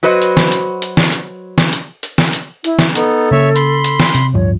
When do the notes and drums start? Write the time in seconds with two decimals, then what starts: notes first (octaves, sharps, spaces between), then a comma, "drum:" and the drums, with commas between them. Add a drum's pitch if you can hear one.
0.03 F#3 F#4 B4 C5 D#5
0.22 drum: hi-hat
0.37 drum: snare
0.52 drum: hi-hat
0.82 drum: hi-hat
0.97 drum: snare
1.12 drum: hi-hat
1.58 drum: snare
1.73 drum: hi-hat
2.03 drum: hi-hat
2.18 drum: snare
2.33 drum: hi-hat
2.64 E4, drum: hi-hat
2.79 drum: snare
2.95 B3 D#4 A4, drum: hi-hat
3.31 C#3 A#3 C#5 E5
3.56 B5 C6, drum: hi-hat
3.84 drum: hi-hat
4.00 drum: snare
4.15 C3, drum: hi-hat
4.34 D1 G2 F3 C#5